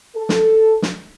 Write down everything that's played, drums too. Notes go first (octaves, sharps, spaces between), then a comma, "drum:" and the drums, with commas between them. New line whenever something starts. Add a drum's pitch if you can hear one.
A4
drum: snare
drum: snare